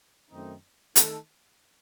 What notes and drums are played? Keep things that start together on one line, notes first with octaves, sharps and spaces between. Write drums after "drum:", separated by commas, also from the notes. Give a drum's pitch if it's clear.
F#2 D#3 A3 C4 D#4
D#3 A3 D#4 A4, drum: hi-hat